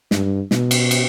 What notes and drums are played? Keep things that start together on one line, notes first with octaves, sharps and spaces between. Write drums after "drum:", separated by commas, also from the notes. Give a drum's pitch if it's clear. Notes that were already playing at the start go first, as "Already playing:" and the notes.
G2, drum: snare
B2, drum: snare
drum: cymbal
drum: cymbal